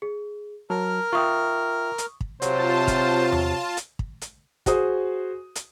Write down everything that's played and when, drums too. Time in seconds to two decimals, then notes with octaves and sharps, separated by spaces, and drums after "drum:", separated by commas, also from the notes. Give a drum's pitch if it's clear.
0.02 G#4
0.70 F#3 A#4 A5 F6
1.13 F4 E5 G5 C#6 D#6
1.98 drum: hi-hat
2.21 drum: kick
2.42 C3 F#3 F4 C5 A5, drum: hi-hat
2.88 drum: kick, hi-hat
3.32 drum: tom E2
3.77 drum: hi-hat
3.99 drum: kick
4.21 drum: hi-hat
4.66 F#4 G#4 C5 D#6, drum: kick, hi-hat
5.55 drum: hi-hat